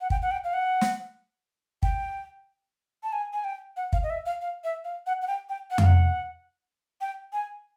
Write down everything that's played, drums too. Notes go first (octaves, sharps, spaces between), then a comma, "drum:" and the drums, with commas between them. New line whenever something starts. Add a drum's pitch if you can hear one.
F#5
G5, drum: kick
F#5
G5
F5
F#5
drum: snare
G5, drum: kick
A5
G#5
G#5
G5
F#5
F5, drum: kick
D#5
E5
F5
F5
E5
F5
F#5
F#5
G5
G5
F#5
F5, drum: tom F2
F#5
G5
G#5